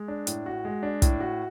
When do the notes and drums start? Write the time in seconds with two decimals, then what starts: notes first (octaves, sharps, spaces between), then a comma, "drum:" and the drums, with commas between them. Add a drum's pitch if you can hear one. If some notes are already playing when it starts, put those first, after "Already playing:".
Already playing: G#3
0.08 D4
0.27 A2, drum: hi-hat
0.46 F#4
0.65 G#3
0.83 D4
1.02 A2, drum: kick, hi-hat
1.20 F#4